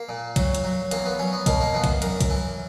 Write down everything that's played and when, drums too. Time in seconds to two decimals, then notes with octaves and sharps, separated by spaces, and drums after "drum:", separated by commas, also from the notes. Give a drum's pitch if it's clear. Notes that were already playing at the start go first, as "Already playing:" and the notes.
Already playing: A#3
0.09 A#2
0.36 F#3, drum: kick, hi-hat
0.55 drum: hi-hat
0.64 F#3
0.91 E2 A#3, drum: hi-hat
1.05 B3
1.19 F#3 C#4
1.33 B3
1.46 B2 A#3, drum: kick, hi-hat
1.60 A#3
1.74 E2 B3
1.84 drum: kick, hi-hat
2.02 F#2 A#4, drum: hi-hat
2.21 drum: kick, hi-hat
2.30 E3